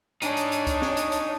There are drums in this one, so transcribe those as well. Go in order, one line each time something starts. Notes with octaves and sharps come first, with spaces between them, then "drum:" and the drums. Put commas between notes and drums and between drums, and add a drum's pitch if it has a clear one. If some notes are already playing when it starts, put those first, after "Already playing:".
D4 D#4 G#4 C#5, drum: hi-hat
drum: hi-hat
drum: hi-hat
drum: kick C#2, hi-hat
drum: snare
drum: hi-hat
drum: hi-hat